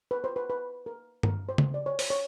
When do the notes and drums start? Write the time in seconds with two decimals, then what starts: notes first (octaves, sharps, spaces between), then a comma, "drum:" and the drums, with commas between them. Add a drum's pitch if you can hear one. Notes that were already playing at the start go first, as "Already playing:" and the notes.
0.11 B4
0.24 C5
0.36 B4
0.50 B4
0.86 A#4
1.23 A#4, drum: tom G2
1.49 C5
1.58 drum: tom C#3
1.74 D5
1.86 C#5
1.99 C5, drum: open hi-hat
2.10 C#5